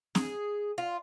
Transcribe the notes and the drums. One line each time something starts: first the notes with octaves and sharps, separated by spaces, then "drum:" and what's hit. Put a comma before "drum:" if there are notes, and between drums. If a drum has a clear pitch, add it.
G#4, drum: snare
F4